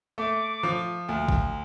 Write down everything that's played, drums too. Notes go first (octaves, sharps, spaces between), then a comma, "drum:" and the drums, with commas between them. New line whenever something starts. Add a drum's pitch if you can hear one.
A3 D6
F3
D2
drum: kick